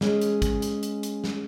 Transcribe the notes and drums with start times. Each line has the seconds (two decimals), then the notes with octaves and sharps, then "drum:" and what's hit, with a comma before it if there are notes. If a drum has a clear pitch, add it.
0.01 G#3 C#4 G#4, drum: snare
0.21 drum: hi-hat
0.42 drum: kick, hi-hat
0.62 drum: hi-hat
0.83 drum: hi-hat
1.03 drum: hi-hat
1.24 drum: snare